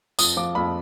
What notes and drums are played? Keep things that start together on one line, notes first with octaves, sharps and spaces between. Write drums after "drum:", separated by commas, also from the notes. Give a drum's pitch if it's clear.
F2 D#6, drum: tambourine
F3 D6
F2 B5